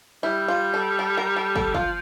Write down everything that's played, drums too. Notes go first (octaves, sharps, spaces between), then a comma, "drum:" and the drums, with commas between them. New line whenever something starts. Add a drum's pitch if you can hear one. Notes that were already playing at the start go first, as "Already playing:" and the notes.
G3 E4
F4
A4
A4
A#4
A4
A4, drum: kick
F3 F4, drum: kick